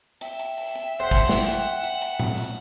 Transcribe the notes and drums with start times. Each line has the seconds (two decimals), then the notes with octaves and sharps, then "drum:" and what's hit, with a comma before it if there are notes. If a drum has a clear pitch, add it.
0.21 E5 G5, drum: hi-hat
0.39 drum: hi-hat
0.57 drum: open hi-hat
0.75 drum: hi-hat
1.00 C5 F#5
1.11 drum: kick G#1, hi-hat
1.29 drum: snare
1.47 drum: hi-hat
1.83 drum: hi-hat
2.01 drum: hi-hat
2.20 drum: tom A#2
2.38 drum: hi-hat